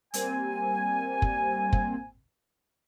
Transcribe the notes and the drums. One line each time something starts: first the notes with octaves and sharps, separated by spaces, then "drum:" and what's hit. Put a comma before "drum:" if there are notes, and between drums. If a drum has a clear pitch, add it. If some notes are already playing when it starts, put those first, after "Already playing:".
G3 A#3 C4 G#5, drum: hi-hat
drum: kick
drum: kick